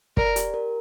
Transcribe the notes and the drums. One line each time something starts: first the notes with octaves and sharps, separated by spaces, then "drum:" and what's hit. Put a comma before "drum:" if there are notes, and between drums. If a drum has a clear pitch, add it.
A#4 D5, drum: kick
G4, drum: hi-hat
A#4